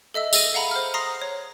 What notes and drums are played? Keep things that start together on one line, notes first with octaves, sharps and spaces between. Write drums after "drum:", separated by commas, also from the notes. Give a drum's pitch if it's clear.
A4 D#5 E5 E6
G#4 E6 A#6 D#7, drum: tambourine
F5 F#5 A#5 B5
C5 F6
A#5 C6 D#6 A#6 C7
C#5